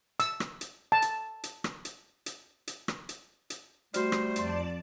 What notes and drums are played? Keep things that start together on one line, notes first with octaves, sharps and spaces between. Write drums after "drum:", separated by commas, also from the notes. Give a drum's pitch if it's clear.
E6, drum: hi-hat
drum: rim click
drum: hi-hat
A5
drum: hi-hat
drum: hi-hat
drum: rim click
drum: hi-hat
drum: hi-hat
drum: hi-hat
drum: rim click
drum: hi-hat
drum: hi-hat
G3 A3 F#4 C5 F6, drum: hi-hat
drum: rim click
F2 D5 A5 C6 C7 D7, drum: hi-hat